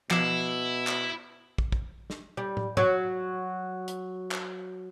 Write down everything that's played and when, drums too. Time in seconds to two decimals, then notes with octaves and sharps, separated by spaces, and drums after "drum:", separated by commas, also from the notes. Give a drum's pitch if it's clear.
0.11 B2 F3 E4 D6 C7, drum: clap
0.87 drum: clap
1.58 drum: kick
1.72 drum: kick
2.10 drum: snare
2.37 G3
2.57 drum: tom
2.77 F#3, drum: tom G#2
3.88 drum: hi-hat
4.31 drum: clap